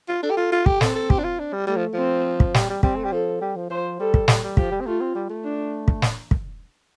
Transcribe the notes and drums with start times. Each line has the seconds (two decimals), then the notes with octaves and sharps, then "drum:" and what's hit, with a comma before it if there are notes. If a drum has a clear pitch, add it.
0.08 F4
0.22 D4 A4
0.31 G4
0.37 F4
0.52 F4
0.66 G4, drum: kick
0.81 C4 A4, drum: snare
0.95 A4
1.10 G4, drum: kick
1.19 D4
1.24 F4
1.39 D4
1.53 G3
1.67 G3 A3
1.76 F3
1.94 F3 C4
2.40 drum: kick
2.54 G3, drum: snare
2.70 G3
2.83 G3 C4, drum: kick
2.96 A3
3.05 G3
3.12 F3 A4
3.41 G3
3.56 F3
3.70 F3 C5
3.99 G3 A4
4.14 drum: kick
4.28 G3, drum: snare
4.43 G3
4.57 F3 G4, drum: kick
4.71 G3
4.81 C4
4.86 A3 F4
5.01 C4
5.15 G3
5.30 A3
5.44 D4
5.88 drum: kick
6.02 drum: snare
6.31 drum: kick